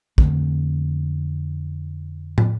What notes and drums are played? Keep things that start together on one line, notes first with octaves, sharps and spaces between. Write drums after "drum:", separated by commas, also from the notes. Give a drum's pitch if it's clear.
F2 D3 A3 C4, drum: kick
drum: tom